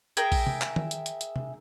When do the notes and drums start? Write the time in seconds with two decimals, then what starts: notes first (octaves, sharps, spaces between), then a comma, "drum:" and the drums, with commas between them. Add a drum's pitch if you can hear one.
0.17 G#4 A#4 E5 G5, drum: hi-hat
0.32 drum: kick A#1, open hi-hat
0.47 drum: tom C3
0.61 drum: clap
0.76 drum: tom D#3
0.91 drum: hi-hat
1.06 drum: hi-hat
1.21 drum: hi-hat
1.36 drum: tom C3